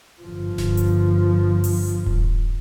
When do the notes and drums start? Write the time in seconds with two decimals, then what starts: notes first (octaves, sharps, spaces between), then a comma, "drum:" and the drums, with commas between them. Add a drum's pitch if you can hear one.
0.22 G1 F3
0.58 drum: snare D1
0.77 drum: hi-hat
1.64 drum: open hi-hat
2.06 drum: kick D#1